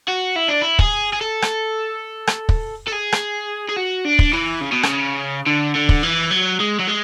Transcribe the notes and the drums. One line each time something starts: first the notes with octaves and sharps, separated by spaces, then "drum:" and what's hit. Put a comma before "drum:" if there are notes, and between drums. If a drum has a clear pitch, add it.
F#4
E4
D4
E4
G#4, drum: kick
G#4
A4
drum: rim click
drum: rim click
drum: kick
A4
G#4
drum: rim click
G#4
F#4
D4
drum: kick
E3
C#3
B2
C#3, drum: rim click
D3
D3
drum: kick
E3
F#3
G#3
F#3
G#3